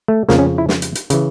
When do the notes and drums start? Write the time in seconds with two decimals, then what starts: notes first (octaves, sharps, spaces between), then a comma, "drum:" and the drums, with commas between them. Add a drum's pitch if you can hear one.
0.08 A3
0.29 F2 C#3 F3 A#3, drum: snare
0.39 C#4
0.58 E4
0.69 drum: snare
0.82 drum: hi-hat
0.95 drum: hi-hat
1.10 C#3 E3, drum: hi-hat